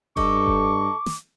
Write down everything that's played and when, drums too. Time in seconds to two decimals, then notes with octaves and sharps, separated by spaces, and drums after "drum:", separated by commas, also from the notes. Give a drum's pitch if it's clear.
0.17 G2 D#4 A4 C#6 D6, drum: kick F1
0.47 drum: kick F1
1.06 drum: snare